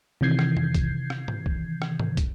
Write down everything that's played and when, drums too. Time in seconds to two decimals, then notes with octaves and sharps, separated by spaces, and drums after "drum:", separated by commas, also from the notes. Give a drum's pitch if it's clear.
0.21 C3 D#3 E3 G6 G#6 C7
0.39 drum: rim click
0.57 drum: tom
0.74 drum: kick, hi-hat
1.10 drum: rim click
1.28 drum: tom G#2
1.46 drum: kick
1.82 drum: rim click
1.99 drum: tom G#2
2.17 drum: kick, hi-hat